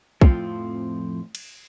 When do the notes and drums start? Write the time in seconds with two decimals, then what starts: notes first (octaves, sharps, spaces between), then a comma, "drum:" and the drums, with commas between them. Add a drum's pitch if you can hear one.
0.21 F2 A2 F3 C4 F4, drum: kick
1.35 drum: cymbal